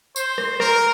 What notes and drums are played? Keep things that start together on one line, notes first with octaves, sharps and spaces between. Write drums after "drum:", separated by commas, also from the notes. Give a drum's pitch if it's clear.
C5, drum: tambourine
drum: rim click
A#4, drum: rim click